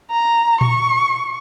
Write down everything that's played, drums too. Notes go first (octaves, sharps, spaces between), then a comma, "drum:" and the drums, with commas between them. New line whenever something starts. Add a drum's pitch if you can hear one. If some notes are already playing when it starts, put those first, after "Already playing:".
A#5
C#6, drum: tom A#2